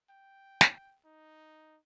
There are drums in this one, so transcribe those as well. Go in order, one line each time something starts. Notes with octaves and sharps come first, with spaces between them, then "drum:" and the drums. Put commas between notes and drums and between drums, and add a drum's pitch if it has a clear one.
G5
drum: snare
D#4